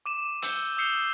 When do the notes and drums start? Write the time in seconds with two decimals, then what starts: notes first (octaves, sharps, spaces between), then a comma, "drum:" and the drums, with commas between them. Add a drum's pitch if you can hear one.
0.06 D6 D#7 E7
0.42 E6 G6 C#7 G7, drum: hi-hat
0.77 D#6 E6 G6 C7 C#7 G7